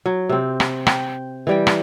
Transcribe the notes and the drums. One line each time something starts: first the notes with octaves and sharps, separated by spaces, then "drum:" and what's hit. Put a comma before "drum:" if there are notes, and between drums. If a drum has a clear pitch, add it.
F#3
C3 C4
drum: rim click
G5, drum: rim click
E3 G3 G5
drum: rim click